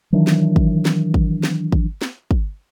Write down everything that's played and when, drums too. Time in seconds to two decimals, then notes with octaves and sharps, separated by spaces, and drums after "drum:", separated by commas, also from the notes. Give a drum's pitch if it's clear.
0.12 D#3 E3 F#3 D4
0.27 drum: snare
0.56 drum: kick
0.85 drum: snare
1.14 drum: kick
1.43 drum: snare
1.72 drum: kick
2.02 drum: snare
2.31 drum: kick